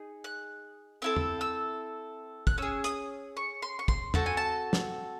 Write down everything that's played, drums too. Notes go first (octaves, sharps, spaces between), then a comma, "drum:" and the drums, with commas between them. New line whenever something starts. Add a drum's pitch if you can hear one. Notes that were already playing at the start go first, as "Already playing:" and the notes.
Already playing: D#4 G#4
F#6
C4 E4 A4 E6
drum: tom
E6
F#6, drum: kick
C#4 G#4 E6
D#6, drum: hi-hat
C#6
C6
C#6
C6, drum: kick
C4 F#4 A4 A5, drum: tom
G#5
A5
drum: snare